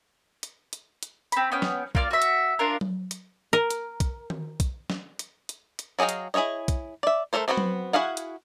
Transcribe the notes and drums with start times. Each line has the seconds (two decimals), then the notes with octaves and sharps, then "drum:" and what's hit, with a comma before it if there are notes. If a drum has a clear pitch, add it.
0.43 drum: hi-hat
0.73 drum: hi-hat
1.03 drum: hi-hat
1.32 C4 B5, drum: hi-hat
1.52 B3 C#4 G5
1.62 drum: snare
1.95 A#3 F4 D5 F6, drum: kick
2.11 F#4 E5
2.22 drum: hi-hat
2.59 D4 F4 A#4
2.81 drum: tom F#3
3.11 drum: hi-hat
3.53 A#4
3.71 drum: hi-hat
4.00 drum: kick, hi-hat
4.30 drum: tom D#3
4.60 drum: kick, hi-hat
4.90 drum: snare
5.19 drum: hi-hat
5.49 drum: hi-hat
5.79 drum: hi-hat
5.99 F#3 G#4 D#5 F5 G5
6.09 drum: hi-hat
6.34 E4 G#4 A#4 C#5 D#5
6.68 drum: kick, hi-hat
7.03 D5 E5
7.33 A3 D4 A4 A#4 C5
7.48 B3 C4 F#4 A#4 B4
7.58 drum: tom F#3
7.93 E4 F#4 G#4 F5 F#5
8.17 drum: hi-hat